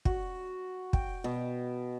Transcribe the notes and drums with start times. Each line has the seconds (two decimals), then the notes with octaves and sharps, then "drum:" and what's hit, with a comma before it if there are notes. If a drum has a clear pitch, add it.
0.05 F#4, drum: kick
0.93 G5, drum: kick
1.24 B2